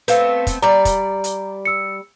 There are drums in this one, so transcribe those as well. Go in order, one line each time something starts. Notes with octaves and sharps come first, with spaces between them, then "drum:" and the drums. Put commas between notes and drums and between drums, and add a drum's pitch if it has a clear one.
A3 B3 C4 B4 F5, drum: hi-hat
drum: kick, hi-hat
G3 D5 A#5
drum: kick, hi-hat
drum: hi-hat
E6 C#7